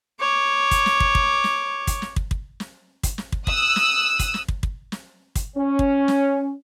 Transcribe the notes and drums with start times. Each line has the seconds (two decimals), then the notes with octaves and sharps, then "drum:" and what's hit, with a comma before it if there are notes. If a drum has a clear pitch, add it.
0.20 C#5 D6
0.71 drum: kick, hi-hat
0.86 drum: snare
1.00 drum: kick
1.15 drum: kick
1.44 drum: snare
1.87 drum: kick, hi-hat
2.02 drum: snare
2.16 drum: kick
2.31 drum: kick
2.60 drum: snare
3.03 drum: kick, hi-hat
3.18 drum: snare
3.32 drum: kick
3.47 D#6 E6 F#6, drum: kick
3.76 drum: snare
4.19 drum: kick, hi-hat
4.34 drum: snare
4.48 drum: kick
4.63 drum: kick
4.92 drum: snare
5.35 drum: kick, hi-hat
5.56 C#4
5.79 drum: kick
6.08 drum: snare